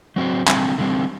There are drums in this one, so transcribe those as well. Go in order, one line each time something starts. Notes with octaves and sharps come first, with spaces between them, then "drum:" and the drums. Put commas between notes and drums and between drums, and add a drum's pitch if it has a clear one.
F#3 C4 F#4 C5
D3 G3 C4, drum: clap
D3 G3 C4